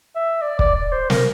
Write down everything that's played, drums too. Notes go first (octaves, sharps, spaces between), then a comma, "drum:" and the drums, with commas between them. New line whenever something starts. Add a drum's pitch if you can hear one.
E5
D5
D5, drum: kick
D5
C5
A#4, drum: snare